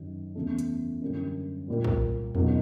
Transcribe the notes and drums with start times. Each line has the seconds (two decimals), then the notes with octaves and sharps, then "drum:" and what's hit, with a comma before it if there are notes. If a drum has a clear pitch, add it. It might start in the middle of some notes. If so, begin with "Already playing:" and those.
Already playing: F#2 D#3 F#3
0.35 E2 C#3 E3 A3
0.59 drum: hi-hat
1.02 F#2 D3 G3 A#3 C#4
1.68 A#2 G3 A#3
1.84 drum: kick
2.35 C#2 B2 F#3 A#3 D#4, drum: tom E2